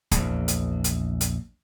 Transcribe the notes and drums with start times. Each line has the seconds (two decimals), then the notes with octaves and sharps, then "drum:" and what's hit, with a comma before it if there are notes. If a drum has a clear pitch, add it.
0.11 A#1 E2, drum: kick, hi-hat
0.48 drum: hi-hat
0.84 drum: hi-hat
1.21 drum: hi-hat